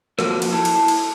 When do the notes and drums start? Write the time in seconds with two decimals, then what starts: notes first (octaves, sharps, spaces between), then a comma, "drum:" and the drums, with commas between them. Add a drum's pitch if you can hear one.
0.19 F3 A#3 F4 F#4 A4 A#4, drum: rim click
0.42 drum: cymbal
0.53 E4 A4 A5
0.65 drum: cymbal
0.88 drum: cymbal